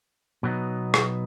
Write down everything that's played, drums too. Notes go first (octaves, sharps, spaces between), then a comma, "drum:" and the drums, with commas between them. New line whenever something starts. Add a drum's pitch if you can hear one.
B2 F#3 B3 D#4
drum: rim click